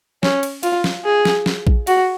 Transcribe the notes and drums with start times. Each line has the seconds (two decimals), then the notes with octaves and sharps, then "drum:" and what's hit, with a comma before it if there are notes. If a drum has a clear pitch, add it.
0.23 C#4, drum: snare
0.43 drum: cymbal
0.63 F4, drum: cymbal
0.84 drum: snare
1.05 G#4
1.25 drum: snare
1.46 drum: snare
1.67 drum: kick A#1
1.87 F#4, drum: cymbal